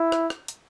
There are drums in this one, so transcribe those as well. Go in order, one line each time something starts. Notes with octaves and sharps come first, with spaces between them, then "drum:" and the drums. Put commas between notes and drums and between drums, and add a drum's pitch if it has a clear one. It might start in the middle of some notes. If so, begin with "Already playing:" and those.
Already playing: E4
drum: rim click
drum: rim click
drum: hi-hat